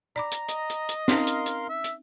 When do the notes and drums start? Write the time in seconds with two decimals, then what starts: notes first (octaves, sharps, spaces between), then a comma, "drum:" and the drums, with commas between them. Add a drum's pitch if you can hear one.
0.16 D5 A#5 B5 D6
0.32 drum: hi-hat
0.49 D#5, drum: hi-hat
0.70 drum: hi-hat
0.89 drum: hi-hat
1.08 C4 C#4 D#4 A#4 F5 C6, drum: snare
1.27 drum: hi-hat
1.46 drum: hi-hat
1.69 E5
1.84 drum: hi-hat